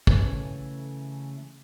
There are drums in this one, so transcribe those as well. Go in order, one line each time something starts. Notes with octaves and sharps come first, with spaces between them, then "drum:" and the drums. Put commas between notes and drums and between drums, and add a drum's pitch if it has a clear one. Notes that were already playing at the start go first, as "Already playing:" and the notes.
C#3 E3 A3 C#5 G#5, drum: kick